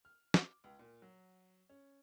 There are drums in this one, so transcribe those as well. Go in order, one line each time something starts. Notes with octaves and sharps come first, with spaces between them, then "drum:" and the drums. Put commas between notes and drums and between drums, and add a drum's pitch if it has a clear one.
F6
D6, drum: snare
C#2
A#2
F#3
C#4